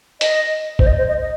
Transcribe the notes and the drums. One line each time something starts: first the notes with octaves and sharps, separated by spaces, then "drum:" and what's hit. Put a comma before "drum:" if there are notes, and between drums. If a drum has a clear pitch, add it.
D#5, drum: hi-hat
C5, drum: kick
D#5
C5
D#5
D#5